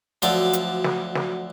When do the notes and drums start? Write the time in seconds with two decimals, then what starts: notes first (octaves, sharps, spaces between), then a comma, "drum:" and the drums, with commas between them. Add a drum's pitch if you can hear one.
0.22 D2 F3 F#3 A4 D5 A5, drum: hi-hat
0.53 drum: hi-hat
0.84 drum: snare
1.15 drum: snare